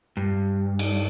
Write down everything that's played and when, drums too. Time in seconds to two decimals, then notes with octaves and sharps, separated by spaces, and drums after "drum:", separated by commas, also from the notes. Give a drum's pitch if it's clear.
0.17 G2
0.79 drum: cymbal